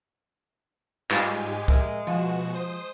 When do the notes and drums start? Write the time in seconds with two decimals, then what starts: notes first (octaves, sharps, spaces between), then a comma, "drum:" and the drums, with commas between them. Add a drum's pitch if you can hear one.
1.10 G#2 G3 G#3 F4 G4 G#5, drum: clap
1.68 A#4 E5, drum: kick
2.07 B2 F3 F#4 E7
2.54 C5 D#6